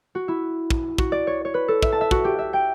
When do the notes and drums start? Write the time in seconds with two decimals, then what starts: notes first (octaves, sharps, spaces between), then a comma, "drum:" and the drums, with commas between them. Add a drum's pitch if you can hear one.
0.15 F#4
0.28 E4
0.70 drum: kick
0.98 F#4, drum: kick
1.12 D5
1.27 C#5
1.45 C#5
1.54 B4
1.68 A4
1.83 E5, drum: kick
1.92 A5
2.01 E5
2.11 F#4, drum: kick
2.24 G4
2.39 E5
2.53 G5